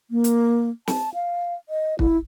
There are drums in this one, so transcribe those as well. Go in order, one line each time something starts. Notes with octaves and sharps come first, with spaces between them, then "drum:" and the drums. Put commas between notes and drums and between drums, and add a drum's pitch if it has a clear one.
A#3
drum: hi-hat
A5, drum: snare
F5
D#5
E4, drum: kick